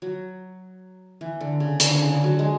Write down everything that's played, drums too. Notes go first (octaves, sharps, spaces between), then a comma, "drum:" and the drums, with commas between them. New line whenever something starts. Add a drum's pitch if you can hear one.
F#3
E3
D3
C#3
D3, drum: hi-hat
C#3
D3
F#3
G#3